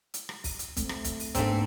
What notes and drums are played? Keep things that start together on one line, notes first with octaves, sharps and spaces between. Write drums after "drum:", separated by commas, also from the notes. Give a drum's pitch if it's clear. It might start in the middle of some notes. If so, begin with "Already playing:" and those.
drum: hi-hat
drum: rim click
drum: kick, open hi-hat
drum: hi-hat
A3 C4, drum: kick, hi-hat
drum: rim click
drum: kick, hi-hat
drum: open hi-hat
G#2 A3 B3 C4 D4, drum: kick, hi-hat